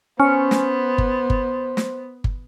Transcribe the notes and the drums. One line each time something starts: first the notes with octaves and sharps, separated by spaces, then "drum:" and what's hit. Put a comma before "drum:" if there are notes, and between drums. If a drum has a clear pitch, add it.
B3 C#4 C5
drum: snare
drum: kick G1
drum: kick G1
drum: snare
drum: kick G1